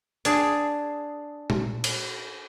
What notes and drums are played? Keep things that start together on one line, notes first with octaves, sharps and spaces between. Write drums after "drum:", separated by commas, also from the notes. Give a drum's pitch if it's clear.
D4 G#4, drum: hi-hat
drum: tom A#2
drum: cymbal